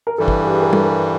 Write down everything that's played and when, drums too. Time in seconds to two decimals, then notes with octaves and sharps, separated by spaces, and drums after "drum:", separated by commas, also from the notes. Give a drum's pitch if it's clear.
0.07 A#4
0.18 G2 E3 G3 A4
0.28 drum: kick
0.40 G#4
0.47 G4
0.54 G#4
0.62 A#4
0.73 A4, drum: tom
0.83 A#4